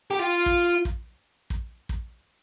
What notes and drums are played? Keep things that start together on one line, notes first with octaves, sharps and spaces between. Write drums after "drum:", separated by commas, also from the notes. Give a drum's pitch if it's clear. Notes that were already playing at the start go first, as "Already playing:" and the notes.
G4
F4
drum: kick
drum: kick
drum: kick
drum: kick